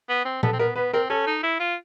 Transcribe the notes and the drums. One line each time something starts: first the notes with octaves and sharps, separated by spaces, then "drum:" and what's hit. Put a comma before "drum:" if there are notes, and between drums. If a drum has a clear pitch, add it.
B3
C4
B3 A4, drum: tom A#2
C4
B3 A#4
B3 B4
C4 A#4
C#4 A4
D#4
E4
F4